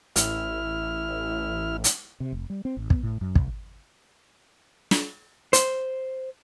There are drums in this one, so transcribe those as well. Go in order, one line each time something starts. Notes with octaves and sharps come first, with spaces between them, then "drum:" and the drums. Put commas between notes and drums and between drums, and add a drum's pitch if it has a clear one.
A1 E4 F6, drum: hi-hat
drum: hi-hat
C3
F1
G3
C4
A1
B3, drum: kick
A2
F#2
C2, drum: kick
drum: snare
C5, drum: hi-hat